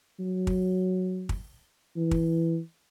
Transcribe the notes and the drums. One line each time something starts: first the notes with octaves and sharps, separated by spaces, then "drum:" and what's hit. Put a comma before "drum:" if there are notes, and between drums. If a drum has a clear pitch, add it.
F#3
drum: kick
drum: kick
E3
drum: kick